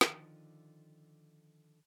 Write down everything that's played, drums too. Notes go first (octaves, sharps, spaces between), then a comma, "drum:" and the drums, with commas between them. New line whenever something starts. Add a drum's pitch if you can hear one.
D3 D#3 F3 F4, drum: snare